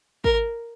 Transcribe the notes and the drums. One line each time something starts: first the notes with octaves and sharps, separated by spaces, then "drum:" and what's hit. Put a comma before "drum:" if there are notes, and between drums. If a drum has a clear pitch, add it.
A#4, drum: kick